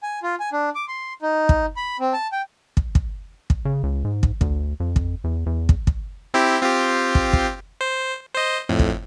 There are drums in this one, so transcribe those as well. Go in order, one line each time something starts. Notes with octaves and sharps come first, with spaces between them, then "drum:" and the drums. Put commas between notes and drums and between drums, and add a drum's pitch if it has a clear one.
G#5
F4
G#5
D4
D6
C6
D#4
drum: kick
B5
C4
A5
G5
drum: kick
drum: kick
drum: kick
C#3
C#2
G#2
drum: kick
D2, drum: kick
F2
drum: kick
E2
E2
drum: kick
drum: kick
C4 E4 G4
C4 F4 G4
drum: kick
drum: kick
C5
C5 D#5
F2 A2
drum: kick